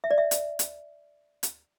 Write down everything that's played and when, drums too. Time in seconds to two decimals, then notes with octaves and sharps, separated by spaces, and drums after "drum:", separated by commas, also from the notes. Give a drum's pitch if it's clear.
0.04 E5
0.11 D5
0.18 E5
0.31 drum: hi-hat
0.59 drum: hi-hat
1.43 drum: hi-hat